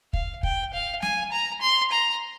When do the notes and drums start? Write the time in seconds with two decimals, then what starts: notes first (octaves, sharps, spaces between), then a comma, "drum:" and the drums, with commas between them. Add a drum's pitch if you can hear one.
0.13 F5, drum: kick
0.43 G5, drum: kick
0.73 F5
1.02 G#5, drum: snare
1.32 A#5
1.61 C6
1.91 A#5